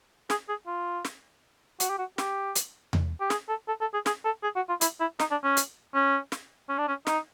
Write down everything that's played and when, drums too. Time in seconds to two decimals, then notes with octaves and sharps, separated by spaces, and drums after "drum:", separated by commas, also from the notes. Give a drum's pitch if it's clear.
0.30 G#4, drum: snare
0.49 G#4
0.67 F4
1.05 drum: snare
1.80 F#4, drum: hi-hat
1.90 G4
1.99 F#4
2.18 G4, drum: snare
2.55 drum: hi-hat
2.93 drum: tom E2
3.21 G4
3.30 G#4, drum: snare
3.49 A4
3.68 A4
3.81 A4
3.94 G#4
4.06 G#4, drum: snare
4.25 A4
4.43 G#4
4.56 F#4
4.69 F4
4.81 E4, drum: hi-hat
5.00 E4
5.20 D#4, drum: snare
5.31 D4
5.44 C#4
5.57 drum: hi-hat
5.94 C#4
6.32 drum: snare
6.69 C#4
6.78 D4
6.88 C#4
7.07 D#4, drum: snare